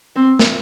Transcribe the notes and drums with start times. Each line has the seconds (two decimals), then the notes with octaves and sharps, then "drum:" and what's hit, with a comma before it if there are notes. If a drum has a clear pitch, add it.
0.16 C4
0.39 drum: snare